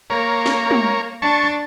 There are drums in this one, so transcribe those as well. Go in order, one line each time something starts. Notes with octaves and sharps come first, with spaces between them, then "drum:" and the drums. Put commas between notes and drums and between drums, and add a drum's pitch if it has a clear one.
A#3 A#4 C#5
drum: snare
drum: tom
D4 A5 C#6